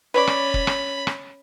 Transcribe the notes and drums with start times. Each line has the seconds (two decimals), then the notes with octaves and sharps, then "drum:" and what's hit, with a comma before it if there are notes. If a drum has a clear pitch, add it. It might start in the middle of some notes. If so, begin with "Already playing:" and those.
0.14 C#4 B4 C#5 D5 B5
0.27 drum: rim click
0.54 drum: kick
0.67 drum: rim click
1.07 drum: rim click